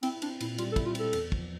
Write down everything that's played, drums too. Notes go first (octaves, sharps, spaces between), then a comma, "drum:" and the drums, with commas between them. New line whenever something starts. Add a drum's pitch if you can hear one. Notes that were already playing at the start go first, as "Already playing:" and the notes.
C4 E4, drum: cymbal
C4 D4, drum: cymbal
A#2 E4, drum: cymbal
G3 F4, drum: cymbal
A4
E4, drum: kick, cymbal
F4
C4 A4, drum: cymbal
E2, drum: cymbal
F3, drum: kick